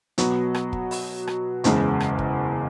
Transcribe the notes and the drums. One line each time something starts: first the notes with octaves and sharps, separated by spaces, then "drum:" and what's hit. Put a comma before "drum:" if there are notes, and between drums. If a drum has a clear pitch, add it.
B2 F#3 B3 F#4, drum: hi-hat
drum: rim click
drum: kick
drum: open hi-hat
drum: rim click
F#1 E2 C#3 G#3, drum: hi-hat
drum: rim click
drum: kick